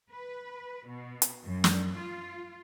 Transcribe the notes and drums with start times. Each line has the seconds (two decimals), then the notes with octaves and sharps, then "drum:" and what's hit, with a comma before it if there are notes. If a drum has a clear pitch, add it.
0.11 B4
0.87 B2
1.22 drum: hi-hat
1.44 F#2
1.64 drum: snare
1.97 F4